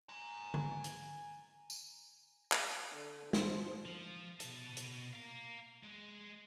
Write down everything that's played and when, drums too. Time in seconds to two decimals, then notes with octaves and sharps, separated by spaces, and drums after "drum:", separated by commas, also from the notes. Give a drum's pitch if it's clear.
0.09 G#5 A#5
0.54 drum: tom
0.84 drum: hi-hat
1.70 drum: tambourine
2.52 drum: clap
2.92 D3
3.33 F3, drum: snare
3.85 F3
4.40 B2 A5, drum: hi-hat
4.77 drum: hi-hat
5.13 F5 A#5
5.83 G#3